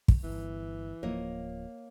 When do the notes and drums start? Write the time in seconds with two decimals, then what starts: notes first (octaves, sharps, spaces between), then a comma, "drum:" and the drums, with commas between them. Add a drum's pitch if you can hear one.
0.08 drum: kick
0.24 G1 E3
1.03 D1 F3 A#3 C#5 D#5